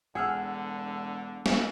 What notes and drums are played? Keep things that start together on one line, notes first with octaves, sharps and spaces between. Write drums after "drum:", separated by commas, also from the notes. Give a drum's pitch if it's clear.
E1 D3 G#4 F#5 E6 F6
drum: snare